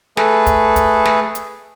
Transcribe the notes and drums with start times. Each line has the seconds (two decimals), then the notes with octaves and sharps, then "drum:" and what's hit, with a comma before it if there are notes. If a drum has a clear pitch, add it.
0.17 A3 G#4 A4 B4, drum: snare
0.47 drum: kick, hi-hat
0.76 drum: kick, hi-hat
1.05 drum: snare
1.35 drum: hi-hat